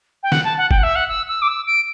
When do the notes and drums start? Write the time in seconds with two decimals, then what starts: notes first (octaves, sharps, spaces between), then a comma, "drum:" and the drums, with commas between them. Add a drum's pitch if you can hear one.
0.23 G5
0.32 F#5, drum: snare
0.45 A5
0.58 F#5
0.71 G5, drum: kick G1
0.78 F#5
0.83 E5
0.96 F#5
1.09 E6
1.28 E6
1.42 D6
1.48 E6
1.67 D7